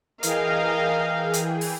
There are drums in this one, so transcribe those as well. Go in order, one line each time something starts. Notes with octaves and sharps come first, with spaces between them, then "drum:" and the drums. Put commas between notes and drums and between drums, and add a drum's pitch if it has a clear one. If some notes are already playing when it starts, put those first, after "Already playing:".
E3 G#4 A#4 D#5 F5 G5, drum: hi-hat
drum: hi-hat
drum: open hi-hat